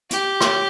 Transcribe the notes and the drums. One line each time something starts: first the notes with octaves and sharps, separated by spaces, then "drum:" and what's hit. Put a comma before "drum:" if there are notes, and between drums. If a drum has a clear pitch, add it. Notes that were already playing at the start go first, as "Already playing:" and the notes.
G4, drum: hi-hat
drum: rim click